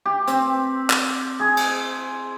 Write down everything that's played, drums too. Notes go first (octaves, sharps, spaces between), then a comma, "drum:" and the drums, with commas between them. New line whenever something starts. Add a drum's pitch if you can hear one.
G4
C4, drum: hi-hat
drum: clap
G#4
drum: cymbal